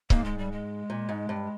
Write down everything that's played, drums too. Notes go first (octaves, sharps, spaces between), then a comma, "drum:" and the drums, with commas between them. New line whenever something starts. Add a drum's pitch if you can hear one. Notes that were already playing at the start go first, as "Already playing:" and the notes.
G#2 A#3, drum: kick C#1
G#3
G3
G#3
A#2
G#2
G2